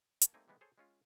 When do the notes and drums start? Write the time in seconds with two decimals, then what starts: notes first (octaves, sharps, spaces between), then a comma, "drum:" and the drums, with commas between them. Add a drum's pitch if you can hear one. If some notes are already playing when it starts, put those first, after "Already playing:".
0.21 A#3 G#5 A5, drum: hi-hat
0.34 G3 A3 A#3 C4 D#4 G#5
0.48 C3 E3 G3 G#3 B3
0.61 G#4 A4 C5 C#5
0.78 G#3 C#4 F4